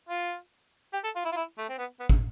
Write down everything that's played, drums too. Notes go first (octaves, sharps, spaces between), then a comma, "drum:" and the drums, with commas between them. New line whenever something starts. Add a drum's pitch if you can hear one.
F4
G4
A4
F4
E4
F4
E4
A3
C4
B3
B3
drum: kick